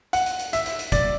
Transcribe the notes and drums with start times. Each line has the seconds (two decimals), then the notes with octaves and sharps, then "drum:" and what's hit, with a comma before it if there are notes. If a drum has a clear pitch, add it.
0.13 F#5, drum: hi-hat
0.26 drum: hi-hat
0.39 drum: hi-hat
0.53 E5, drum: hi-hat
0.66 drum: hi-hat
0.79 drum: hi-hat
0.92 D5, drum: kick, hi-hat